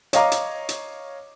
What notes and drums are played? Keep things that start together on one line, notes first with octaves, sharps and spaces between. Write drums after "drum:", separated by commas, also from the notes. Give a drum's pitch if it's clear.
C#5 D#5 F5 A#5 D6, drum: hi-hat
drum: hi-hat
drum: hi-hat